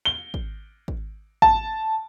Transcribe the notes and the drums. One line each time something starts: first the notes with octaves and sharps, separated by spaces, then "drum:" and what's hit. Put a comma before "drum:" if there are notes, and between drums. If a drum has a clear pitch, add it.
G7
drum: kick G#1
drum: kick G#1
A5, drum: kick G#1